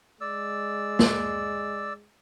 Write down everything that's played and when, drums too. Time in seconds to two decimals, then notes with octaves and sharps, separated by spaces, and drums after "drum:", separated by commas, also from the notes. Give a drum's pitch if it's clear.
0.21 G#3 D5 E6
0.99 drum: snare